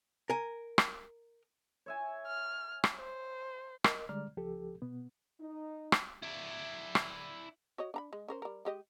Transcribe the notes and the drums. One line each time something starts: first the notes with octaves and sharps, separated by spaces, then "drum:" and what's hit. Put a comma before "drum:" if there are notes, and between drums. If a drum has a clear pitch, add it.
A#4 G#5
drum: rim click
C#5 E5 G#5
F6
drum: rim click
C5
A#4 D#5, drum: rim click
D3 G3 G#3 D5 A#5 F6
C#2 F3 G4 A4
B2 B3
D#4
drum: rim click
E4 D5
drum: rim click
F#4 C#5 D#5
D4 A#5 B5
G#3
C#4 A#4 C5
G3 A#4
G#3 G4 D#5